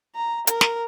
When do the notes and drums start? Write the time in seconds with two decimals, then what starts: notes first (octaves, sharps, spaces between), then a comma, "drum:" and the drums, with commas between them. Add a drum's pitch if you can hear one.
0.15 A#5
0.47 A#4, drum: hi-hat
0.61 drum: snare